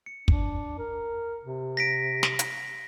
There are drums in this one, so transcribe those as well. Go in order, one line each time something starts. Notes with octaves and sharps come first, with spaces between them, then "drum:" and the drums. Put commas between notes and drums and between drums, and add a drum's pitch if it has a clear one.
C#7
D4, drum: kick
A#4
C3
A#6 B6 D7
drum: snare
drum: hi-hat